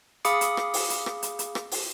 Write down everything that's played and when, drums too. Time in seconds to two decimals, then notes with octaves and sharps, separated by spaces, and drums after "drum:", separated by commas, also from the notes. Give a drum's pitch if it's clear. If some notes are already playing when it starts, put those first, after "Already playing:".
0.25 G#4 F5 B5 D6 D#6 C#7, drum: hi-hat
0.41 drum: hi-hat
0.57 drum: rim click
0.74 drum: open hi-hat
0.90 drum: hi-hat
1.06 drum: rim click
1.23 drum: hi-hat
1.39 drum: hi-hat
1.55 drum: rim click
1.71 drum: open hi-hat